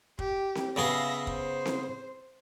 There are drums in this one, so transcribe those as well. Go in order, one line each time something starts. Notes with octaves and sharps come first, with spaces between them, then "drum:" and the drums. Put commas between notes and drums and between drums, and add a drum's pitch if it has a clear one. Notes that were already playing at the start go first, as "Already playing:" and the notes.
G4, drum: kick
drum: snare C4
C#3 B3 G#4 E5 F5 A#6
C5, drum: kick
drum: snare C4